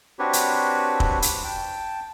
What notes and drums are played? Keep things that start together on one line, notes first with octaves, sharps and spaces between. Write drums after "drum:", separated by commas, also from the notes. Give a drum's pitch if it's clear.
C4 D4 F#4 G4 B4 C#5
drum: hi-hat
drum: kick
drum: hi-hat
G5 A5